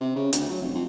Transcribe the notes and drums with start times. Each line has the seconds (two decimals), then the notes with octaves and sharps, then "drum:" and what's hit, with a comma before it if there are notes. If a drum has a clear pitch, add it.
0.01 C3
0.16 C#3
0.33 D2, drum: hi-hat
0.50 F#3
0.61 F1
0.74 F2